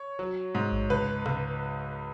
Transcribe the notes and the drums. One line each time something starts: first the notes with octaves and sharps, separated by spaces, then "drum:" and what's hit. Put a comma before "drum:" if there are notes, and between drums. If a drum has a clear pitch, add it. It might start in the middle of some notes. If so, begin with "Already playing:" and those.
Already playing: C#5
F#3
G#2
drum: kick A1
C#2 B4
C#2, drum: rim click